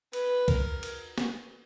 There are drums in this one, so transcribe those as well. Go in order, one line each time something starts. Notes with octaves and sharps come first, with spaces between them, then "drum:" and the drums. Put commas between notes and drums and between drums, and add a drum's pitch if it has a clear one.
B4, drum: cymbal
A#4, drum: kick C2, cymbal
drum: cymbal
drum: snare